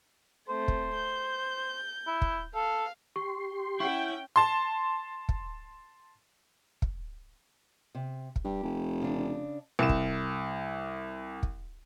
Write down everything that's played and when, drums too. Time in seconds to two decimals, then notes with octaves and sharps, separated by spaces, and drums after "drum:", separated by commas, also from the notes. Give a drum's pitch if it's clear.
0.49 A3 C4 C5
0.68 drum: kick
0.95 G6
2.07 E4
2.22 drum: kick
2.55 A4 F5
3.16 G4 C6 C#6
3.80 C#4 E4 F#5 G5 C#6
4.36 A5 C6
5.29 drum: kick
6.82 drum: kick
7.95 C3
8.36 drum: kick
8.45 G2 G4
8.63 F1
9.02 C#3 D4
9.79 C2 E7
9.89 drum: kick
11.43 drum: kick